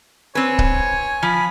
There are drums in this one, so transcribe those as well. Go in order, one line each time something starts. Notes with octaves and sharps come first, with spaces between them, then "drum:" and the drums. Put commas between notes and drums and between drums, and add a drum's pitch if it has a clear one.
C4 B4 C#5 G#5
drum: kick C#1
F3 B5